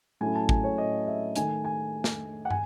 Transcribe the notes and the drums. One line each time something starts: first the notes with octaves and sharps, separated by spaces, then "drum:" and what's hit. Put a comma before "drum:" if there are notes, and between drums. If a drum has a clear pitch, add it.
A2 F#3 A3 C#4 E4 G#5
A5
G#5, drum: kick
C#5
D#5
E5
D#3 A3 D#4 G#5, drum: hi-hat
G#5
drum: snare
F#5
G#5, drum: tom